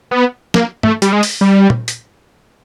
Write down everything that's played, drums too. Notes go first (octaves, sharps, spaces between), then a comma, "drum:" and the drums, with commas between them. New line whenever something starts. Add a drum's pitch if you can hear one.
B3
A#3, drum: snare
A3, drum: tom
G3, drum: hi-hat
G#3
drum: open hi-hat
G3
drum: tom A#2
drum: hi-hat